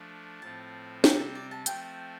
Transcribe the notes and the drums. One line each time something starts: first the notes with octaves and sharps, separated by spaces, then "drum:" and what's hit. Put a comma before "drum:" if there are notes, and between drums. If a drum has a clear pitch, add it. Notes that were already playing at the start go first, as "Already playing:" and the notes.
Already playing: F3 A3 D4
A2 F3 C4 A5
C3 G3 C4 G5, drum: snare
A4
D5
A5
F3 A3 C4 G5, drum: hi-hat